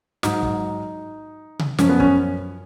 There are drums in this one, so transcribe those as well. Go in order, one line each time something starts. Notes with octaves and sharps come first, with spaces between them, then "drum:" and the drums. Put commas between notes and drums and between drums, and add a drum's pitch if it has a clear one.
G#2 F#3 D#4, drum: snare
drum: kick
drum: tom C3
F#2 F3 C#4, drum: snare
B3
C#4, drum: kick